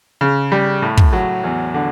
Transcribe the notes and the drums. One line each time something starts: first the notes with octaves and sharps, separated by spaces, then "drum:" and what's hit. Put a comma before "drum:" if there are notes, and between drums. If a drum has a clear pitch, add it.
C#3
G3
A2
drum: kick
F#3
E2
D3